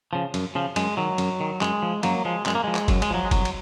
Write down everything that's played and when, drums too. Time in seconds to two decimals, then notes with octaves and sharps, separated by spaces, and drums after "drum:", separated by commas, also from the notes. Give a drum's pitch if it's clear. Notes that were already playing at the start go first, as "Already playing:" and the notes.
0.13 C#3 F3
0.34 F#2, drum: cymbal
0.55 C#3 F3
0.76 F#2 G#3, drum: cymbal
0.97 D#3 F#3
1.18 F#2, drum: cymbal
1.40 D#3
1.61 F#2 G#3, drum: clap
1.82 F3
2.03 F#2 F#3 A#3, drum: cymbal
2.25 F3 G#3
2.46 F#2 G#3, drum: clap
2.55 A#3
2.64 F3 G#3
2.74 drum: clap
2.88 F#2 F#3, drum: kick F#1, cymbal
3.02 G#3, drum: cymbal
3.10 F3 F#3
3.25 G#3
3.31 C2 F#3, drum: kick F#1, cymbal
3.45 drum: cymbal